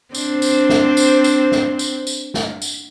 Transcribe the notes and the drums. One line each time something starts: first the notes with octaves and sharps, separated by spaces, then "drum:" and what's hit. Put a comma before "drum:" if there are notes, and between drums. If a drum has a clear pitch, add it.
C4 D4 C5, drum: tambourine
drum: tambourine
drum: snare
drum: tambourine
drum: tambourine
drum: snare
drum: tambourine
drum: tambourine
drum: snare
drum: tambourine